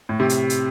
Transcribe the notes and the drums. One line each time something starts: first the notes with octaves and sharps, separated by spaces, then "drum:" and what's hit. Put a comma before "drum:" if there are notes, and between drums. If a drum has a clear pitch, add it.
A2
C3
drum: hi-hat
drum: hi-hat